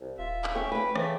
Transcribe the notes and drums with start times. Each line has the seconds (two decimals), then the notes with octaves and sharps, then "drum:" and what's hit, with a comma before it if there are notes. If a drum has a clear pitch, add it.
0.01 C2
0.19 D#1 F4 E5
0.44 drum: clap
0.55 C#4 C#5 G5 D6
0.72 A3 B4 G5 D6
0.96 C#3 E3 A3, drum: rim click